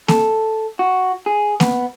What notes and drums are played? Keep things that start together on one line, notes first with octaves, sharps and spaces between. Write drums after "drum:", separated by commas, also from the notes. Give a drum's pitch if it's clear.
A4, drum: snare A#3
F#4
G#4
B3, drum: snare A#3